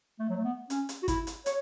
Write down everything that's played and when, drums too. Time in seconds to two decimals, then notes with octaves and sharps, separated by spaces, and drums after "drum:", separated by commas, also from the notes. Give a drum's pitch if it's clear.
0.19 A3
0.29 F#3
0.37 A3
0.44 B3
0.70 C#4, drum: hi-hat
0.89 drum: hi-hat
1.03 F#4
1.08 E4, drum: kick G#1, hi-hat
1.27 drum: hi-hat
1.46 C#5, drum: hi-hat